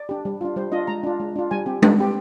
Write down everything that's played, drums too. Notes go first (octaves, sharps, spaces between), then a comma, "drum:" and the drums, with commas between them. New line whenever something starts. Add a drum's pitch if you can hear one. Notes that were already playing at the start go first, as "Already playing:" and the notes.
Already playing: D5
D4 G4
G3
D4 F4
G3 C5
D4 F4 D#5
G#3 A#5
D4 F4
G#3
D4 F4
G3 G#5
C4 G4
G3, drum: tom G#3
C4 G4